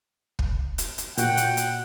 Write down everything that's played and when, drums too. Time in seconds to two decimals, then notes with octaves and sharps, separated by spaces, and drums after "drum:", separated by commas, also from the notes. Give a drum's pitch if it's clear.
0.39 drum: kick
0.78 drum: hi-hat
0.98 drum: hi-hat
1.18 A#2 F#4 F#5 G5, drum: hi-hat
1.37 drum: hi-hat
1.57 drum: hi-hat